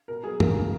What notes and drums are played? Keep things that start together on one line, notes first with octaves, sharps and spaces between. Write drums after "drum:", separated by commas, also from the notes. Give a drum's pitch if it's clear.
B2 A#4
F#3 G#4
C#3 A#4, drum: tom
G#3